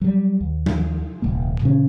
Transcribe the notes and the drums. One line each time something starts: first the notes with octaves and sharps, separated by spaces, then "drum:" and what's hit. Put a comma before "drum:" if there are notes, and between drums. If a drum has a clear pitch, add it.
F#3 G3
D#2
drum: tom F3
D#1 C2 A#3
A#2 C#3 E3 C#4